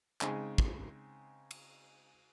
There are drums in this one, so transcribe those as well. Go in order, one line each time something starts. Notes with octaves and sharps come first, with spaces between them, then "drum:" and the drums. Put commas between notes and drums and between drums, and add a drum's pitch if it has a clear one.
C#3 G#3 C4 D#4 G#4, drum: clap
drum: kick
drum: cymbal